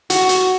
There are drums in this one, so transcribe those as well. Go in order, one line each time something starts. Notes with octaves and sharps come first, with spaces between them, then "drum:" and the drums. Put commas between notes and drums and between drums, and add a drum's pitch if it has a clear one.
F#4, drum: hi-hat
drum: hi-hat